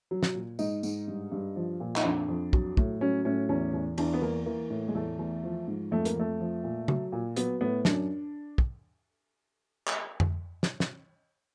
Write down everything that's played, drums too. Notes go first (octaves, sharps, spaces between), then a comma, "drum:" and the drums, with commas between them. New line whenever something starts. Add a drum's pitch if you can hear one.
F#3
drum: snare
A#2
G#2 D#4, drum: tambourine
G#2, drum: tambourine
G2
G2
F3
A#2
D#4, drum: clap
F2 D4
F2
F#3, drum: kick
A2, drum: kick
F#3 C#4
A2 C#4
E2 C#4
E2
E2 D4, drum: cymbal
B3
E2 A#3
E3 A#3
A2
G#3
E2 A3
E2
F3
G#2
F2 A3
A#3, drum: hi-hat
F2 A3
F3
A#2
F#3, drum: tom C#3
A#2
F#3 B3, drum: hi-hat
A2 B3
F#2 D4, drum: snare
drum: kick
drum: clap
drum: tom F2
drum: snare
drum: snare